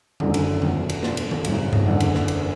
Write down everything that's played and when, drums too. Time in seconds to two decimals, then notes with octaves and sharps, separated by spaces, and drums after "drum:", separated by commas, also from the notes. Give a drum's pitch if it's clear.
0.20 F#1 F#2 D3 A3, drum: tom D#3
0.34 drum: cymbal
0.62 E2 B2 F#3 A3, drum: tom D#3
0.89 drum: cymbal
1.03 B2 A3 D4, drum: snare
1.17 drum: cymbal
1.31 drum: tom D#3
1.45 G#1 F#2 C#3, drum: cymbal
1.73 drum: tom G2
1.87 F#1 E2 D3
2.00 drum: cymbal
2.14 drum: snare
2.28 drum: cymbal